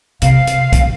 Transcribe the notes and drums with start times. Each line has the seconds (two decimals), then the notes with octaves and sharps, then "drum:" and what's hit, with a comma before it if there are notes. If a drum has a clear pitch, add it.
0.22 C3 F5, drum: hi-hat
0.47 drum: hi-hat
0.73 drum: kick, hi-hat